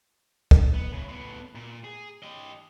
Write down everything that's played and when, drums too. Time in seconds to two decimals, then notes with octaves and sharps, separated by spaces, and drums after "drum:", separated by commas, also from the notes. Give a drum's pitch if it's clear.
0.51 drum: kick
0.74 B3
0.93 C#3 E4
1.09 A2 B3
1.55 A#2
1.84 G#4
2.23 G4 D#5